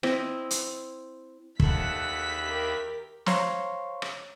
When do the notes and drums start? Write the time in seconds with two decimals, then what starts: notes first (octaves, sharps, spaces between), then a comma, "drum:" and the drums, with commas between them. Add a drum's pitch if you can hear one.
0.03 C4 E4 D#5 E5, drum: rim click
0.51 drum: hi-hat
1.60 D#2 A4 E5 F#5 B5 B6, drum: kick
2.42 G4 A#4
3.26 C5 C#5 F5 A#5 C6 C#6, drum: snare
4.02 drum: rim click